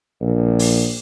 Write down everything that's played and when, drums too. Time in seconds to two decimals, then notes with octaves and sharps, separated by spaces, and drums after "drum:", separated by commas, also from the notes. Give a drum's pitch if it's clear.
0.22 A#1
0.59 drum: open hi-hat